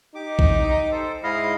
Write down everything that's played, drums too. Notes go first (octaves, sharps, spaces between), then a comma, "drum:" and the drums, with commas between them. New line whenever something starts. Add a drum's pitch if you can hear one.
D#4 G4 D6
drum: kick A#1
A4 C5
G#2 E4 D#5 F5